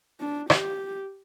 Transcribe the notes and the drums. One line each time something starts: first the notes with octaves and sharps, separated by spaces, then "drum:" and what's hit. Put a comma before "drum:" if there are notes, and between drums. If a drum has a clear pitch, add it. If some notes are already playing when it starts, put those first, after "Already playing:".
D4
G4, drum: rim click